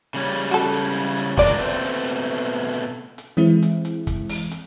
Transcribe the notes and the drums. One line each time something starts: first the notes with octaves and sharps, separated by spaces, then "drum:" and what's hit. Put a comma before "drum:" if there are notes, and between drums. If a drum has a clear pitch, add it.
C#3 G3 C#4
F#4 A4, drum: hi-hat
drum: hi-hat
drum: hi-hat
G#3 D4 F4 A#4 D5, drum: kick, hi-hat
B2 A3 C4
drum: hi-hat
drum: hi-hat
drum: hi-hat
drum: hi-hat
E3 G#3 C4 E4
drum: hi-hat
drum: hi-hat
drum: kick, hi-hat
drum: open hi-hat
drum: hi-hat